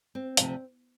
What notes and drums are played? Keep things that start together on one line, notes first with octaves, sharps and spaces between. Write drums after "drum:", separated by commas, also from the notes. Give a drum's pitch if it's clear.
C4
D2 C3 F3, drum: hi-hat